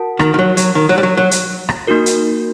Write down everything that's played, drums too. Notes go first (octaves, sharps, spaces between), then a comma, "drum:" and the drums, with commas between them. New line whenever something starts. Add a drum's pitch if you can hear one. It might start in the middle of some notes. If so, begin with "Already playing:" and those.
Already playing: F#4 A#4 F#5 A5
D#3, drum: rim click
D#3
F#3
F#3, drum: hi-hat
D#3
F#3
G3
F#3
F#3
drum: hi-hat
drum: rim click
A#3 D#4 F#4 A#4
drum: hi-hat